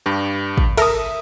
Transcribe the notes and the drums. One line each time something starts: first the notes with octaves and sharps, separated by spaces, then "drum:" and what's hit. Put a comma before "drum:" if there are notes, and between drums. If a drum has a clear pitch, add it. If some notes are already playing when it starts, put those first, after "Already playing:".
G2 G4
drum: kick
A4 A#4 E5 D#6, drum: cymbal